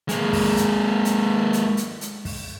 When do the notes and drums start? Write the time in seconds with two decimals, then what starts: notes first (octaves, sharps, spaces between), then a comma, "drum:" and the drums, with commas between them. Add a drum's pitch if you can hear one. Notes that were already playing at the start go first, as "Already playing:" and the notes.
0.09 G#3 A#3, drum: hi-hat
0.33 drum: kick, open hi-hat
0.57 drum: hi-hat
1.05 drum: hi-hat
1.53 drum: hi-hat
1.77 drum: hi-hat
2.01 drum: hi-hat
2.25 drum: kick, open hi-hat